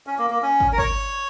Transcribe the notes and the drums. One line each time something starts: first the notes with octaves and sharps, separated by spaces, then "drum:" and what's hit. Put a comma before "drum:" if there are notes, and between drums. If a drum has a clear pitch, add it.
C#4
A#3
A#3
C#4
drum: kick
A#4
C#5, drum: kick